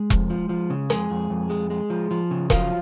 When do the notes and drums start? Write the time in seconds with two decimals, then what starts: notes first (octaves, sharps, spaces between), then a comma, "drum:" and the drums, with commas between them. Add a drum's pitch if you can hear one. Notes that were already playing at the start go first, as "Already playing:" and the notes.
Already playing: G#3 G#4
0.10 F2, drum: kick E1
0.30 F3
0.49 F3
0.70 C#3
0.90 F2 G#3 G#4, drum: hi-hat
1.10 F2
1.30 F2
1.50 G#3
1.70 G#3
1.90 F3
2.11 F3
2.31 C#3
2.50 F3 F#3 F4, drum: kick E1, hi-hat